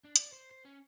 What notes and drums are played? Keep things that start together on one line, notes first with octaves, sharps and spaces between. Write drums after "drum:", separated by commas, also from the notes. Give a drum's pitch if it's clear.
D4
D5, drum: hi-hat
C5
C5
C#4